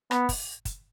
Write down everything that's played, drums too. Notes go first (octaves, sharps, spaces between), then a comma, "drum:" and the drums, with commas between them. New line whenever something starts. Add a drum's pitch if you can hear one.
B3, drum: rim click
drum: kick, open hi-hat
drum: kick, hi-hat